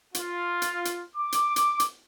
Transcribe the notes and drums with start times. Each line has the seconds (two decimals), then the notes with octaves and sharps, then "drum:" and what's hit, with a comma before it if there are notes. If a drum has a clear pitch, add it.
0.14 F4, drum: hi-hat
0.62 drum: hi-hat
0.85 drum: hi-hat
1.16 D6
1.32 drum: hi-hat
1.56 drum: hi-hat
1.80 drum: hi-hat